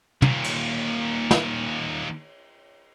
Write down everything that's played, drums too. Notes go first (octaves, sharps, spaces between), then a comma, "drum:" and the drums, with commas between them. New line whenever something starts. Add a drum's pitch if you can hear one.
D#2 A#2, drum: tom
drum: cymbal
drum: snare